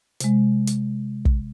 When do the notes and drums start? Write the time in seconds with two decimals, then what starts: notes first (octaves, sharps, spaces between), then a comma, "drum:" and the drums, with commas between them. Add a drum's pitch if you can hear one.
0.21 C3 G#3, drum: hi-hat
0.68 drum: hi-hat
1.25 drum: kick